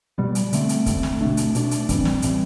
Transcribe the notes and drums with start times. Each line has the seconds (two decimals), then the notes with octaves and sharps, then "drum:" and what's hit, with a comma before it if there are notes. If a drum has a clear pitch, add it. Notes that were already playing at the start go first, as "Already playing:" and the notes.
0.18 B2 G3 B3
0.35 drum: hi-hat
0.53 D3 A3 C4, drum: hi-hat
0.69 drum: hi-hat
0.86 D3 A3 C4, drum: kick, hi-hat
1.03 drum: snare
1.21 B2 A3 D4
1.37 drum: hi-hat
1.55 B2 A3 D4, drum: hi-hat
1.71 drum: hi-hat
1.89 A2 E3 G3 C4, drum: kick, hi-hat
2.05 drum: snare
2.22 A2 E3 G3 C4, drum: hi-hat